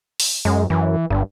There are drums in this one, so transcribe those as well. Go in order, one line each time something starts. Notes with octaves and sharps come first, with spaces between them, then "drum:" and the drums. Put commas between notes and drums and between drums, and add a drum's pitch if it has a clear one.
drum: open hi-hat
F#2 G#3
F#2 E3
G1 G2